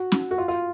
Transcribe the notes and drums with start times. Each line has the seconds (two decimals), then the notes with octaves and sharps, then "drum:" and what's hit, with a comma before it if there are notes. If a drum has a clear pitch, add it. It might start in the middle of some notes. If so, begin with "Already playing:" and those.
Already playing: F#4
0.12 drum: snare
0.31 F#4
0.38 F4
0.48 F4